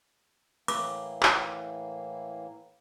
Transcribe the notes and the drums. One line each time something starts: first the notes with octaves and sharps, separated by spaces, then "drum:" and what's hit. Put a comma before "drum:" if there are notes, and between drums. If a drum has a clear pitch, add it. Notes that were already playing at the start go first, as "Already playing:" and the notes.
A2 E3 A#3 D6, drum: cymbal
drum: clap